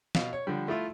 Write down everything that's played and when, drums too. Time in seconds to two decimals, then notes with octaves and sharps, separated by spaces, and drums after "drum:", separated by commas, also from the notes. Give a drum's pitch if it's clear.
0.15 B2 F5, drum: snare
0.33 C#5
0.47 D3 F3 G3
0.68 A3 E4 F4